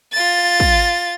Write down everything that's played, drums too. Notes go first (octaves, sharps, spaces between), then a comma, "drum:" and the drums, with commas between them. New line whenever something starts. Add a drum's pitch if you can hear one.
F4 A6
drum: kick